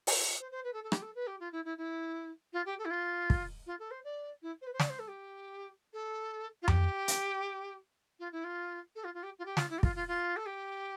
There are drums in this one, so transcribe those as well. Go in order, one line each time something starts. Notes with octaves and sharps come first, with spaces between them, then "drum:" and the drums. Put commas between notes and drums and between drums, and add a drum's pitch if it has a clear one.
drum: open hi-hat
C5
C5
B4
A4
A4
G4, drum: rim click
A4
B4
G4
F4
E4
E4
E4
F4
G4
A4
E4
F4
drum: kick
F4
A4
C5
D5
E4
C5
B4
C5
D5, drum: snare
C5
A4
G4
A4
F4
G4, drum: tom F2
drum: hi-hat
F4
E4
F4
A4
F4
F4
G4
F4
G4
F4, drum: snare
E4
G4
F4, drum: kick
F4
F4
A4
G4